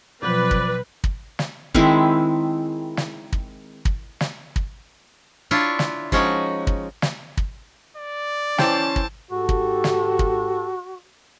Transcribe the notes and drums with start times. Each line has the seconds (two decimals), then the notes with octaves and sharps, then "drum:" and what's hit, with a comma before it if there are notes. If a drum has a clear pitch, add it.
0.23 B2 F3 F#3 C4 B4 D5 G6
0.51 drum: kick
1.04 drum: kick
1.39 drum: snare
1.74 D#3 G#3 C4 E4, drum: kick
2.97 drum: snare
3.32 drum: kick
3.85 drum: kick
4.21 drum: snare
4.56 drum: kick
5.51 D4 E4 F4 C#5
5.79 drum: snare
6.12 F3 G#3 C#4 D#4 F#4, drum: kick
6.67 drum: kick
7.02 drum: snare
7.37 drum: kick
7.97 D5
8.58 E3 C#4 C5 G5 A5, drum: snare
8.96 drum: kick
9.31 G#2 F#4 G4 A4
9.49 drum: kick
9.84 drum: snare
10.19 drum: kick